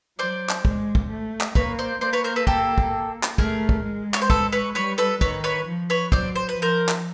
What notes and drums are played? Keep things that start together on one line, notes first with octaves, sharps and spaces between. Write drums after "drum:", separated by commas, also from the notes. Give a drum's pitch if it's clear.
F#3 C5 D5
drum: clap
G#3, drum: kick
drum: kick
A3
drum: clap
A#3 B4 C#5, drum: kick
C5 D5
A#3 C5 D5
B4 C#5
A#4 C5
A4 B4
G4 A4, drum: kick
drum: kick
drum: clap
A3 G#4 A#4, drum: kick
drum: kick
G#3
C#5, drum: clap
C5
A4 B4, drum: kick
B4 C#5
G3 B4 C#5
A4 B4
D#3 B4 C#5, drum: kick
B4 C#5
F3
B4 C#5
F#3 C5 D5, drum: kick
C5
B4
F3 A#4 C5
drum: clap